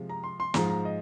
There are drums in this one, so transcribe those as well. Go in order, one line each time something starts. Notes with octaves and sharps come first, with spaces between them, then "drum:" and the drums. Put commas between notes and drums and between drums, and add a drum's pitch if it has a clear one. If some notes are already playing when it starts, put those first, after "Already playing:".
Already playing: C3 F3 G#3
A#5
C6
C6
G#2 F3 G#3 A#5, drum: snare
A#5
D#5